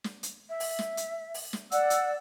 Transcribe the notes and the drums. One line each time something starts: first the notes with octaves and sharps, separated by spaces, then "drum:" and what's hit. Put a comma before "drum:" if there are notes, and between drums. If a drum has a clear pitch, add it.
drum: snare
drum: hi-hat
E5
drum: open hi-hat
drum: snare
drum: hi-hat
drum: open hi-hat
drum: snare
D5 F#5 E6, drum: hi-hat
drum: hi-hat